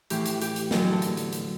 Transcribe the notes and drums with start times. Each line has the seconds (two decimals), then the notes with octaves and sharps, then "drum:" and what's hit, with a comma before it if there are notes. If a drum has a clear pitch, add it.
0.10 A2 E3 G4, drum: hi-hat
0.26 drum: hi-hat
0.42 G4, drum: hi-hat
0.56 drum: hi-hat
0.71 E2 D3 F#3, drum: snare
0.92 A4
1.02 drum: hi-hat
1.17 drum: hi-hat
1.33 drum: hi-hat